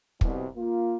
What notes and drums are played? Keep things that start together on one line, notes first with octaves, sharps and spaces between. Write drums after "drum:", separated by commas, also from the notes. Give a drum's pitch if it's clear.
C2 B2, drum: kick
A#3 F4